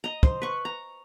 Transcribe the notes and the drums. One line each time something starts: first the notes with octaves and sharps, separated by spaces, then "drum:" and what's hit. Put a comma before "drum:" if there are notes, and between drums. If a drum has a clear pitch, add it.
D#5 A#5
C5, drum: kick
B4 C#6
A#5